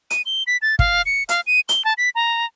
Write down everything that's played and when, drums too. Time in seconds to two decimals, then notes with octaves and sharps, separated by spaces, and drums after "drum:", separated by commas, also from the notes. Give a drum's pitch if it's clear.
0.10 D#7, drum: hi-hat
0.26 G7
0.47 B6
0.62 A6
0.79 F5, drum: kick
1.06 C#7
1.29 F5, drum: hi-hat
1.47 D#7
1.69 G7, drum: hi-hat
1.85 A5
1.98 B6
2.15 A#5